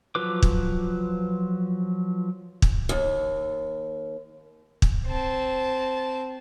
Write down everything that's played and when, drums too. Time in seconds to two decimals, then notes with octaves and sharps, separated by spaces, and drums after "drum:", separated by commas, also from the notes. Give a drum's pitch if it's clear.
0.15 F3 F#3 F4 B4 D6
0.42 drum: kick
2.62 drum: kick
2.89 D#2
4.82 drum: kick
5.07 C4 A5